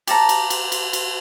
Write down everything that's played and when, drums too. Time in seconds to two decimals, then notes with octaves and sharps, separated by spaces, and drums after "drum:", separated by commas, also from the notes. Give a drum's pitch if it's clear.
0.07 G4 A5 A#5, drum: cymbal
0.29 drum: cymbal
0.50 drum: cymbal
0.72 drum: cymbal
0.93 drum: cymbal